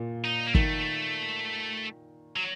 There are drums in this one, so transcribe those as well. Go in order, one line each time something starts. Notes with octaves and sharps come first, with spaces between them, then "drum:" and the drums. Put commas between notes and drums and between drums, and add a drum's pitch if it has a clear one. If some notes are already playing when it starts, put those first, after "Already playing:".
Already playing: A#2
D#4
A#3
D#3 A3, drum: kick
F#3